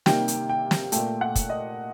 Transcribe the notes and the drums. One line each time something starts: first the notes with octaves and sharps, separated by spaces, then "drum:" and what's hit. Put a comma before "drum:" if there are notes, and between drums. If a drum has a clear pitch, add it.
C3 D#3 G3 A#3 G5, drum: snare
drum: hi-hat
G5
drum: snare
A#2 A3 G5, drum: hi-hat
F#5
drum: kick, hi-hat
D#5